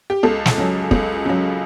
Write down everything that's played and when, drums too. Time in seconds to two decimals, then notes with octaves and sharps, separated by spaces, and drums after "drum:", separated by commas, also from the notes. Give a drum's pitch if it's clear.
0.10 G4
0.23 C#2 A4
0.46 drum: snare
0.57 C#3 F#3
0.91 C#2, drum: kick
1.25 C#3 F#3